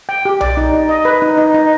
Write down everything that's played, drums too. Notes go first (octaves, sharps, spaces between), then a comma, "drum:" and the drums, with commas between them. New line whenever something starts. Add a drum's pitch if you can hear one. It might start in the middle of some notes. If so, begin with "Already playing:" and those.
G5
G4
D5, drum: tom B1
D#4
D#4
D#5
B4
D#4
D#4
D#4